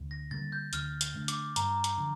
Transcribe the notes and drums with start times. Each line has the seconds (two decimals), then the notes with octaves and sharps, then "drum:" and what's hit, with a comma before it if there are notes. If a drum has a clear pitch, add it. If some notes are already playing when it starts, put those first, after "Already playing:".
Already playing: D2
0.11 A#6
0.31 D3 G3 A#3 A6
0.52 G6
0.73 D2 F6, drum: hi-hat
1.01 drum: hi-hat
1.15 D3 A3 D4
1.28 D6, drum: hi-hat
1.56 G2 A#5, drum: hi-hat
1.84 drum: hi-hat
1.98 D3 F3